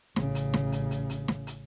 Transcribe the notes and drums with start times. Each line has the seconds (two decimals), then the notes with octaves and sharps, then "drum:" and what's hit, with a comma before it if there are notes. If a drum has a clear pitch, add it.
0.16 A1 C#3, drum: snare
0.35 drum: hi-hat
0.54 drum: snare
0.72 drum: hi-hat
0.91 drum: hi-hat
1.10 drum: hi-hat
1.28 drum: snare
1.47 drum: hi-hat